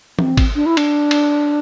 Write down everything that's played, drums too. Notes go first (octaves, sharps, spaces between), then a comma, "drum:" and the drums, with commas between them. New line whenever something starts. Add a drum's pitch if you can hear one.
C4, drum: tom
drum: kick, cymbal
D4
E4
D4, drum: cymbal
drum: cymbal